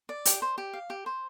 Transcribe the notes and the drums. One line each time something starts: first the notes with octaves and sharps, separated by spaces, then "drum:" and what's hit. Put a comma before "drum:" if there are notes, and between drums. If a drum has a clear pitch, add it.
D5
G4, drum: hi-hat
C5
G4
F5
G4
C5